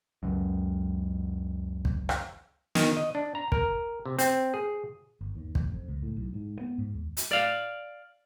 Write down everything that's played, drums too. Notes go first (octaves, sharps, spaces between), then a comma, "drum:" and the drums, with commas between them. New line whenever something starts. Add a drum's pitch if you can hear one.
C#2 F#2
drum: kick
drum: rim click
D#3, drum: snare
D#5
D4
A#5
A#4, drum: kick
C3
C4, drum: hi-hat
G#4
G1
D#2
A1, drum: kick
F2
C#2
A2
B1
G#2
B3
G#2
D#2
drum: hi-hat
D5 F5